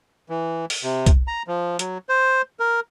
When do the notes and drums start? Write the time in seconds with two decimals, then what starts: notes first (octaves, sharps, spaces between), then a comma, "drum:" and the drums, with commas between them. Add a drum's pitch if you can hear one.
0.29 E3
0.70 drum: open hi-hat
0.83 C3
1.06 drum: kick B1, hi-hat
1.27 A#5
1.48 F3
1.79 F#3, drum: hi-hat
2.09 C5
2.60 A#4